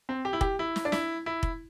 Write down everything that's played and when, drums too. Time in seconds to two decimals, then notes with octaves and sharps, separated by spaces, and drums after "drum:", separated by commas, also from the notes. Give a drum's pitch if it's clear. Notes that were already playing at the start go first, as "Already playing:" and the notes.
0.09 C4
0.25 G4
0.33 E4
0.41 G4, drum: kick F1
0.59 E4
0.76 drum: snare
0.85 D4
0.92 E4, drum: snare
1.26 E4
1.43 drum: kick F1